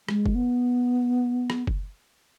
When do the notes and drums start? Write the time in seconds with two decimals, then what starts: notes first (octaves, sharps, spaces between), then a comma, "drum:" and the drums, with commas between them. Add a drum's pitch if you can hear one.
0.08 G#3, drum: rim click
0.26 drum: kick F#1
0.35 B3
1.50 drum: rim click
1.67 drum: kick F#1